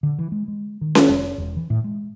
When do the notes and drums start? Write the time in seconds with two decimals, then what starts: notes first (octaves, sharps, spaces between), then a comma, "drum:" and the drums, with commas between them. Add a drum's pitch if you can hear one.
0.03 D3
0.19 E3
0.32 G#3
0.48 G#3
0.81 D#3
0.95 drum: snare C#4
1.09 F1
1.38 E1
1.57 E3
1.70 A2
1.84 G#3